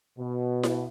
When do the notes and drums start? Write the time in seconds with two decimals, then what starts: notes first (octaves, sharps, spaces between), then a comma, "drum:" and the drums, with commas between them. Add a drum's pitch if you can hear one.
0.18 B2
0.63 drum: snare E4